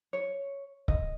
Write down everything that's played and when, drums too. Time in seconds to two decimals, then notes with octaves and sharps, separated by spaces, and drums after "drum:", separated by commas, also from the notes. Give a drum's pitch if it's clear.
0.13 C#5
0.88 D#5, drum: kick C#1